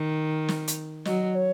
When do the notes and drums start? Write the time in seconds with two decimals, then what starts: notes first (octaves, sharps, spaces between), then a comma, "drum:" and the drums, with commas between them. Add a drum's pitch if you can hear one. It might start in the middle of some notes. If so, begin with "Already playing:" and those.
Already playing: D#3
0.48 drum: snare
0.68 drum: hi-hat
1.05 F#3 D#5, drum: snare
1.35 C#5